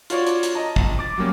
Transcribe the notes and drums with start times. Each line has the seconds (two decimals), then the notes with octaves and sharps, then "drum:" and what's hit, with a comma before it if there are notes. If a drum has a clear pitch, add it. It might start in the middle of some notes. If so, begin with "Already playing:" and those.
0.10 F4 F#4 C#5 D5, drum: hi-hat
0.27 drum: hi-hat
0.43 drum: hi-hat
0.55 D#5 A5 A#5
0.76 A#1, drum: kick
0.99 D6 A6
1.18 F#3 G3 A#3 C#4